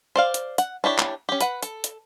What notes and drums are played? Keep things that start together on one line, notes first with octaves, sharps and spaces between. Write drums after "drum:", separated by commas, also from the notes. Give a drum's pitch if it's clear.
C5 D5 F5
drum: hi-hat
F#5, drum: hi-hat
D4 E4 G4 C#5
drum: clap
C#4 G4
B4 F#5, drum: hi-hat
A4, drum: hi-hat
drum: hi-hat